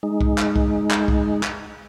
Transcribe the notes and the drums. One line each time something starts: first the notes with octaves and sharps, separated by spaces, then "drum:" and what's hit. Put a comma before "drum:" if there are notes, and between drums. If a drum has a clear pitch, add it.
G#3 D#4
drum: kick C2
drum: clap
drum: kick C2
drum: clap
drum: kick C2
drum: clap